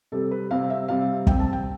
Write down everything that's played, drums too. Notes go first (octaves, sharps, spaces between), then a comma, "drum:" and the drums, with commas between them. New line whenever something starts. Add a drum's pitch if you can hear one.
C3 G3 C4 A4
B4
C3 G3 C4 F5
E5
C3 G3 C4 F5
C3 G3 C4 G5, drum: kick
A5
G5